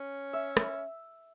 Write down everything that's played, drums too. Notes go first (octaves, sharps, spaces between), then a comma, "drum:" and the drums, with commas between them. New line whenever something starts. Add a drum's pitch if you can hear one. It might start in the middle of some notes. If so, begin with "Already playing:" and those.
Already playing: C#4
E5
drum: rim click